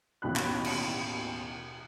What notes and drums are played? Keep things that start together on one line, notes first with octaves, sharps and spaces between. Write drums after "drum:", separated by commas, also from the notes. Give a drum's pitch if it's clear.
A1 D#2 B2 B5 F#6
drum: clap
drum: cymbal